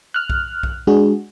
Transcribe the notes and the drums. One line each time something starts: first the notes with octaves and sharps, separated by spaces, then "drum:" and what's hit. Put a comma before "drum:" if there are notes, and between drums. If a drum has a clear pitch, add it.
F6 F#6
drum: kick B1
drum: kick B1
G#3 D4 F#4 G#4